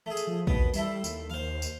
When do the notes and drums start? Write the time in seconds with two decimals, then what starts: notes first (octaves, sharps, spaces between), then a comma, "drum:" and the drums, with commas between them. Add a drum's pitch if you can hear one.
0.06 A3 G#4
0.17 drum: tambourine
0.27 F3
0.47 D#2 B2 B3, drum: kick A#1
0.74 G3 A3 E4 C6, drum: tambourine
1.04 D#2, drum: tambourine
1.30 C5 F5
1.62 drum: tambourine